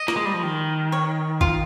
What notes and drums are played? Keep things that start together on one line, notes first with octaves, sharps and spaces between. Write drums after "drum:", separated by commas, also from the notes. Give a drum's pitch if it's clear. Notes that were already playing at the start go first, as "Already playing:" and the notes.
Already playing: D#5
A#3, drum: snare
G#3
G3
F3
D#3
C#5
F4, drum: kick G#1